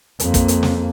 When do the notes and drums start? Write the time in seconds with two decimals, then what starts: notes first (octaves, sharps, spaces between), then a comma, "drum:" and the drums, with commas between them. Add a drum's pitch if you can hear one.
0.20 F2 A#3, drum: hi-hat
0.34 drum: kick, hi-hat
0.48 drum: hi-hat
0.63 drum: snare